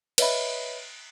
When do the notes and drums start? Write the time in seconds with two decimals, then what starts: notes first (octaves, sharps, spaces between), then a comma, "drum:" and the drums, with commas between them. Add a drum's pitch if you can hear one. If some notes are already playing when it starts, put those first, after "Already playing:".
0.18 B4 C#5 D#5 E5 B5, drum: cymbal